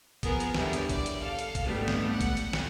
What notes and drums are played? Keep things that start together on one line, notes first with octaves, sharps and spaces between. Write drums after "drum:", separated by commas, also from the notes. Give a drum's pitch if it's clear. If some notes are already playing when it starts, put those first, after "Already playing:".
F3 B3 G#4 A#4, drum: kick A1, hi-hat
drum: hi-hat
E2 D3 G3 E4 C#5, drum: snare
drum: hi-hat
D5, drum: kick A1, hi-hat
drum: hi-hat
A4 F5
drum: hi-hat
drum: kick A1, hi-hat
G#2 G3 A3 B3 D4
drum: snare
F#5
drum: kick A1, hi-hat
drum: hi-hat
drum: snare